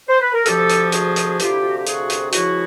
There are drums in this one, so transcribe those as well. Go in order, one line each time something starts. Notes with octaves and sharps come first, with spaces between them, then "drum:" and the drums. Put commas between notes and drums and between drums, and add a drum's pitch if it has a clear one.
C5
B4
A#4
D2 C3 F3 G4 A4, drum: hi-hat
drum: hi-hat
F#4 G#4, drum: hi-hat
drum: hi-hat
G#4
D2 C3 F3 F4 G4, drum: hi-hat
E4
F4
F#4
G4
F#4 G#4, drum: hi-hat
drum: hi-hat
C#2 C#3 F3 E4 F#4, drum: hi-hat